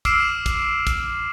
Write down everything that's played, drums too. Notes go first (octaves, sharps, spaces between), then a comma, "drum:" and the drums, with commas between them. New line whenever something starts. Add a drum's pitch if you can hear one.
D6 E6 F6 C7 D7 E7, drum: kick, hi-hat
drum: kick, hi-hat
drum: kick, hi-hat